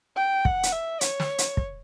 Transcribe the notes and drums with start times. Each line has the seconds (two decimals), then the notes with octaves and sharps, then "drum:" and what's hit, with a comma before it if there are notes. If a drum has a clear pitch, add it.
0.16 G5
0.45 F#5, drum: kick
0.63 drum: hi-hat
0.72 E5
1.01 C#5, drum: hi-hat
1.20 drum: snare
1.38 drum: hi-hat
1.57 drum: kick